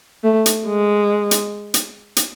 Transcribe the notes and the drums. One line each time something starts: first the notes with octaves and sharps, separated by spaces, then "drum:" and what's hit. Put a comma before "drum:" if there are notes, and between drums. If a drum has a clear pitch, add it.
A3
drum: hi-hat
G#3
drum: hi-hat
drum: hi-hat
drum: hi-hat